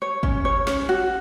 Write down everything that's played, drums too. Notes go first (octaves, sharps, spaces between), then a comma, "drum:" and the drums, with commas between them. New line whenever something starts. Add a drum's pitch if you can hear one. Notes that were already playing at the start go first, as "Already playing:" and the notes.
C#5
C#4, drum: kick
C#5
C#4, drum: snare
F#4